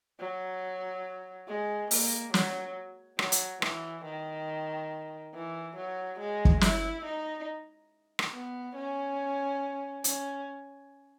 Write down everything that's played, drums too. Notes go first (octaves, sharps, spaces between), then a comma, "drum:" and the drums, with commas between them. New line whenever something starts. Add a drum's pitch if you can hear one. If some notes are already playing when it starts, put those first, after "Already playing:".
F#3
G#3
A#3, drum: open hi-hat
F#3, drum: snare
F#3, drum: rim click
drum: hi-hat
E3, drum: rim click
D#3
E3
F#3
G#3
drum: kick
E4, drum: snare
D#4
drum: rim click
B3
C#4
C#4, drum: hi-hat